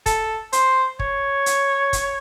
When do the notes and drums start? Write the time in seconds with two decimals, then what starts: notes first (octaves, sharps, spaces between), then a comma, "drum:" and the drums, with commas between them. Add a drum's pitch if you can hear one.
0.06 A4, drum: kick, hi-hat
0.53 C5, drum: hi-hat
0.99 C#5, drum: kick
1.46 drum: hi-hat
1.93 drum: kick, hi-hat